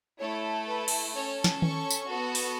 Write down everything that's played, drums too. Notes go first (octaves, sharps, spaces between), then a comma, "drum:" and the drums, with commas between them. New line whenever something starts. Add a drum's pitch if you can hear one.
A3 E4 A4 C#5
B4
drum: cymbal
C#4 A4 C#5
drum: snare
C#6, drum: tom D#3
drum: tambourine
B3 F#4 A4
drum: open hi-hat